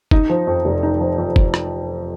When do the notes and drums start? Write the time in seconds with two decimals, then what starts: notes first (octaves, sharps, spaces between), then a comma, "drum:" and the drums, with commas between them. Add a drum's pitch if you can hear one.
0.11 D#4, drum: kick F#1
0.29 F3
0.47 F2
0.65 F1
0.83 D#4
1.00 F3
1.18 F2
1.36 drum: kick F#1
1.54 drum: rim click